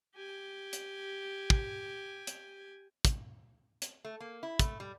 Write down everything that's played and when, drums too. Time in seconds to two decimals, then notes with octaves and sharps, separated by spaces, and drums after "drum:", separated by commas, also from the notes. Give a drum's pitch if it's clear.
0.15 G4 G#5
0.73 drum: hi-hat
1.50 drum: kick
2.27 drum: hi-hat
3.05 drum: kick, hi-hat
3.82 drum: hi-hat
4.04 A3
4.20 A#3
4.43 E4
4.59 A3, drum: kick, hi-hat
4.80 G3